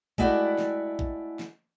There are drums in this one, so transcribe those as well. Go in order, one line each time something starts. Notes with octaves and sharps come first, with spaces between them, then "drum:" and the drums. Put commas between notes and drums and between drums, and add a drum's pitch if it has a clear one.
G#3 A3 E4 F#4 D5 G5, drum: kick A1
drum: snare
drum: kick A1
drum: snare